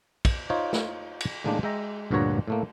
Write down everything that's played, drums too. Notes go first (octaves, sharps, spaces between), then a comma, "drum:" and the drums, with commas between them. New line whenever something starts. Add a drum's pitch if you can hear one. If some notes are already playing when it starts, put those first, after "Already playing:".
drum: kick, cymbal
D#4 F4 C5 C#5
drum: snare
drum: cymbal
A2 D#3 G#3 A#3 D4
G#3 E5 G5 A#5
D2 G2 A#2 F#4 C#5 A#5
A2 A3 A#3